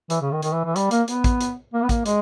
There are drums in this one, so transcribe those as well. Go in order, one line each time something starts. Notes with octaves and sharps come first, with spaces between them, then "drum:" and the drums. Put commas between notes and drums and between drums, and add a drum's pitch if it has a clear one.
E3, drum: hi-hat
C#3
D#3
D#3, drum: hi-hat
E3
E3
G3, drum: hi-hat
A#3, drum: hi-hat
B3, drum: hi-hat
drum: kick A1, hi-hat
drum: hi-hat
A#3
B3
A#3, drum: kick A1, hi-hat
G#3, drum: hi-hat